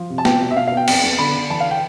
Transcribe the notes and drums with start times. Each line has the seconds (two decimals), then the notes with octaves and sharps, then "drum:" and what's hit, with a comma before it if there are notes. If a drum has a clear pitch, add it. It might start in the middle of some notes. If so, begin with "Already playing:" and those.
Already playing: F3
0.10 C3
0.18 A5
0.25 B3 G5, drum: snare
0.41 B2
0.51 E5
0.56 B2 F5
0.67 F5
0.72 B3
0.77 G5
0.88 F2 G5, drum: cymbal
1.04 B3
1.19 D3 B5
1.34 D3
1.50 E3 A5
1.60 F5
1.71 G5